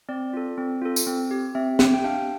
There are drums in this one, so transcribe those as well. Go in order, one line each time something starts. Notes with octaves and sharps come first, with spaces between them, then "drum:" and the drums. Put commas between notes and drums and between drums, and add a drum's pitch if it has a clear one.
C4 D5
F4 A4
C4
F4 A4
drum: tambourine
C4
G4
C4 E5
G4, drum: snare
G5
D4 F5